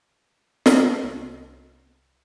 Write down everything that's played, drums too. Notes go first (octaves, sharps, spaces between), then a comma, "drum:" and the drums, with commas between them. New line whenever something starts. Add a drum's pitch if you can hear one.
drum: snare
C2